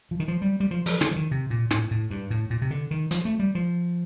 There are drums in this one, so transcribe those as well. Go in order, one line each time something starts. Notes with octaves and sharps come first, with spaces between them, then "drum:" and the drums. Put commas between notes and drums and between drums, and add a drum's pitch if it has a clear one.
F3
D#3
F3
G3
G3
F3
F3, drum: open hi-hat
D3, drum: snare
F3
D#3
C3
A#2
A2, drum: snare
A2
G2
A2
A#2
C3
D3
D#3
F3, drum: hi-hat
A3
G3
F3